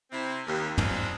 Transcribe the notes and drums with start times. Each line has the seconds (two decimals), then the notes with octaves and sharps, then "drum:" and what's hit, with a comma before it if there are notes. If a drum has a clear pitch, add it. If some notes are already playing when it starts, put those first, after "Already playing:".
0.12 C3 C4 E4
0.47 D#2
0.78 G3 G#3 C4 D4 D#4 F4, drum: tom